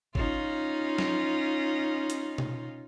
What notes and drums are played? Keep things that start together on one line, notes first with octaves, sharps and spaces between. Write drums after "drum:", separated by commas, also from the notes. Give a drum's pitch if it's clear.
C#4 D#4 F4, drum: kick G#1
drum: snare
drum: hi-hat
drum: tom B2